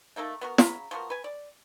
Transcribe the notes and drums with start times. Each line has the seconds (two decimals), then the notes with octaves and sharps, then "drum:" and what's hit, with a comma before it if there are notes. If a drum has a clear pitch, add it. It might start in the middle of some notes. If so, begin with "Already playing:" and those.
0.16 A3 A#3 D#4 A4
0.41 B3 F#4 A#4
0.58 C#3 F#3 A#5 B5, drum: snare
0.91 F3 B3 F#4 A#4
1.10 B4 G#5
1.24 D5